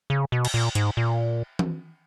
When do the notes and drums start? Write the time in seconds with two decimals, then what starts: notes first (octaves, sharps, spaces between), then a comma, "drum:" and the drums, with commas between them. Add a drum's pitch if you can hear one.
0.10 C#3
0.32 B2
0.45 drum: cymbal
0.54 A#2
0.75 G#2, drum: hi-hat
0.97 A#2
1.59 drum: tom E3